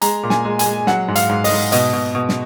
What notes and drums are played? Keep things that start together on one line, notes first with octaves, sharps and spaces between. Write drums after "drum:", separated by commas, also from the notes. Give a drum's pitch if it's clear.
G#3 A#5, drum: hi-hat
A#2
G#5, drum: snare
G#3
G#5, drum: hi-hat
G#3
F#3 F#5, drum: snare
G#2
F5, drum: hi-hat
G#2
D#5, drum: open hi-hat
G#2
B2 D#5, drum: hi-hat
B2
B2
drum: snare